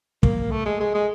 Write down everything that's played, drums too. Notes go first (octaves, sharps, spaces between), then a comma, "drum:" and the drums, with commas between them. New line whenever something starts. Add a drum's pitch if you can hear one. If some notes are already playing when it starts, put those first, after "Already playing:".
A#3, drum: kick
A3
G#3
G#3
G#3